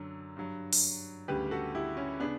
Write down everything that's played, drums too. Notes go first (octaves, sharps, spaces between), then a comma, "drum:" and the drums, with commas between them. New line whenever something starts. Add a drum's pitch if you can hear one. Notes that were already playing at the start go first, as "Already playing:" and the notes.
Already playing: F#2 D3 F#3
G2 F#3
drum: open hi-hat
D2 C#3 G3 G4 B4
F#4 A4
E4 G4
C#4 E4
C#3 B3 D4